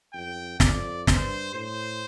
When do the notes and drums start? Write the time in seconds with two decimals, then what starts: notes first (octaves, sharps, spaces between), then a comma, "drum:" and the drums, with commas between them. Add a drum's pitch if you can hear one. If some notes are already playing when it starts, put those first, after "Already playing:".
0.13 F2 G5
0.60 F2 D5, drum: snare
1.07 G2 C5, drum: snare
1.54 A2 C5